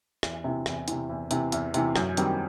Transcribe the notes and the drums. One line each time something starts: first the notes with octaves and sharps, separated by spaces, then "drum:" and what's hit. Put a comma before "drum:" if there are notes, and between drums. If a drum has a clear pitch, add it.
E2, drum: rim click
C3 E3
E2, drum: rim click
C3 E3, drum: hi-hat
E2
C3 E3, drum: hi-hat
E2, drum: hi-hat
C3 E3, drum: hi-hat
F#2, drum: rim click
D#3 G3 C4, drum: hi-hat